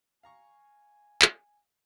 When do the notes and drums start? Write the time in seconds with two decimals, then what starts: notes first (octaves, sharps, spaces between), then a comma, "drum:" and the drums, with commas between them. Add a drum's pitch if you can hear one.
0.23 F5 G#5 A#5 C#6
1.22 drum: clap